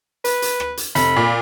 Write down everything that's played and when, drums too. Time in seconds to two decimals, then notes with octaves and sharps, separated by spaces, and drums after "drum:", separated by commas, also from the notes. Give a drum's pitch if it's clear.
0.25 B4, drum: hi-hat
0.42 drum: hi-hat
0.60 drum: rim click
0.77 drum: hi-hat
0.95 F1 B5, drum: hi-hat
1.16 A#2